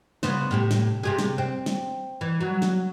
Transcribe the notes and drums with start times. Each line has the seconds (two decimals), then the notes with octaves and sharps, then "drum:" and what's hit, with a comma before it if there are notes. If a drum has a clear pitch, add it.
0.23 C#3 B3 C5, drum: snare
0.51 A2 C3 G4
0.71 drum: snare
1.03 C3 G4 G#4
1.19 drum: snare
1.38 C4
1.66 drum: snare
2.21 E3
2.40 F#3
2.62 drum: snare